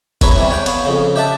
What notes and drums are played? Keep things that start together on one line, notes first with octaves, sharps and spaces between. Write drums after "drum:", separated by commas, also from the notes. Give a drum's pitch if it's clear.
E2 E4 B4 C#5 E5 A#5, drum: kick F#1, cymbal
C3 E3 G3
C#5 F#5 G5
B3 C#5 F5, drum: cymbal
F2 C#3
G4 D#5 E5 F#5 A5